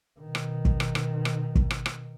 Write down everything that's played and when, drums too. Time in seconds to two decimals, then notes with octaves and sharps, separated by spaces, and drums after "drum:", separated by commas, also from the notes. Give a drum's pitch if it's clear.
0.20 B2 D#3
0.35 drum: rim click
0.65 drum: kick
0.80 drum: rim click
0.95 drum: rim click
1.25 drum: rim click
1.55 drum: kick
1.70 drum: rim click
1.86 drum: rim click